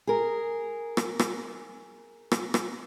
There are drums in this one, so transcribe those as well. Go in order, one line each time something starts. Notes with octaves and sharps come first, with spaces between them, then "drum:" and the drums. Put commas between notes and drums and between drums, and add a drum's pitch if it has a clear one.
G#4 A#4
drum: rim click
drum: rim click
drum: rim click
drum: rim click